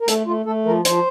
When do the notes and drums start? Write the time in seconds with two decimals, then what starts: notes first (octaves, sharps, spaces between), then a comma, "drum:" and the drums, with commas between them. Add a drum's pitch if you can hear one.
0.01 A#4
0.08 A3 A4, drum: hi-hat
0.26 A3 F4
0.46 A3 A4
0.66 F3 A#4
0.85 F3 C5, drum: hi-hat